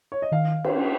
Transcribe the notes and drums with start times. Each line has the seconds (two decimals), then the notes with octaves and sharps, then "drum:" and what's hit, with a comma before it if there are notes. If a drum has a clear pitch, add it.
0.12 C#5
0.22 D#5
0.32 D#3 F5
0.64 drum: cymbal